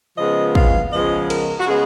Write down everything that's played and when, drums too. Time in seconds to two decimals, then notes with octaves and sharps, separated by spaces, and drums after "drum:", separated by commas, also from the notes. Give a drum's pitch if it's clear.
0.18 C#3 F3 G#3 B3 D#5
0.55 F5, drum: kick
0.92 C#3 F3 G#3 B3 D#5
1.30 A#4, drum: cymbal
1.59 F#4
1.67 C#3 G#3 B3 G#4